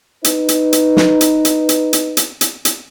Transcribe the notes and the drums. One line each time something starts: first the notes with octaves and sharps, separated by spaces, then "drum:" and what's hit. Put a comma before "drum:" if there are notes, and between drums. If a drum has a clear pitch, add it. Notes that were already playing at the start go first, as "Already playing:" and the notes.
D#4 B4, drum: hi-hat
drum: hi-hat
drum: hi-hat
drum: snare
drum: hi-hat
drum: hi-hat
drum: hi-hat
drum: hi-hat
drum: hi-hat
drum: hi-hat
drum: hi-hat